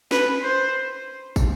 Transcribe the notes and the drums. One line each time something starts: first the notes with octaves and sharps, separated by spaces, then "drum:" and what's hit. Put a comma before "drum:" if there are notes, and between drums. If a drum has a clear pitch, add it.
B4, drum: snare
C5
drum: kick, tambourine